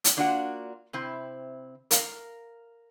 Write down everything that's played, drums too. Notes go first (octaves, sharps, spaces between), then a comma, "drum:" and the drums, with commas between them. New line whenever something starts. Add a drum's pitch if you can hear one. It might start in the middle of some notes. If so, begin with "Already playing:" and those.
drum: hi-hat
A#3 D4 F4 F#4 F5 F#5
C3 C4 E4
A#4 F5, drum: hi-hat